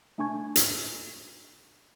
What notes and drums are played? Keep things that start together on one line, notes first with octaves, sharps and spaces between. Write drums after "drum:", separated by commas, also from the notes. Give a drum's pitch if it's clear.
A3 D4 G#5 C#6 G#6
drum: hi-hat